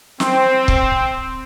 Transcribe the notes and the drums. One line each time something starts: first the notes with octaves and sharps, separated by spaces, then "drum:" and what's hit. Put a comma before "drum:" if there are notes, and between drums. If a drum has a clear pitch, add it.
C4, drum: snare
drum: kick